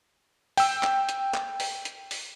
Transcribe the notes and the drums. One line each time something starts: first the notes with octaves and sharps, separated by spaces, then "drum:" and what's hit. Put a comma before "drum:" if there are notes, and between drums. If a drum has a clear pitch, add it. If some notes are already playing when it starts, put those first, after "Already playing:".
G5 E6, drum: open hi-hat
drum: clap
drum: hi-hat
drum: clap
drum: open hi-hat
drum: hi-hat
drum: open hi-hat